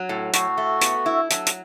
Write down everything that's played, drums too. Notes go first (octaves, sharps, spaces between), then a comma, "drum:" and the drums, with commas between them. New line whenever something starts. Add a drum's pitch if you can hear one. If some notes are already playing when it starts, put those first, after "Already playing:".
Already playing: F#3
A2
A2 F#4, drum: hi-hat
A3
B3, drum: hi-hat
E4
F#3 A4, drum: hi-hat
drum: hi-hat